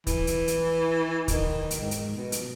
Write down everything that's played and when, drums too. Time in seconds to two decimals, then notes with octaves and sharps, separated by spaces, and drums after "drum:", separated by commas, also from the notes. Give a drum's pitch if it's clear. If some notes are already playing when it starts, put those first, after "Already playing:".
0.07 E3, drum: kick, hi-hat
0.27 drum: hi-hat
0.48 drum: hi-hat
1.28 D#3, drum: kick, hi-hat
1.71 drum: hi-hat
1.80 G#2
1.91 drum: hi-hat
2.15 B2
2.32 drum: hi-hat